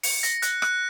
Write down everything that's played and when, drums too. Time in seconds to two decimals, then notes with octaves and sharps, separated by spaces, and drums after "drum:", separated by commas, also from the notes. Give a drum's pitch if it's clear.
0.03 C#7, drum: open hi-hat
0.23 A#6, drum: hi-hat
0.42 F#6, drum: hi-hat
0.62 F#6, drum: rim click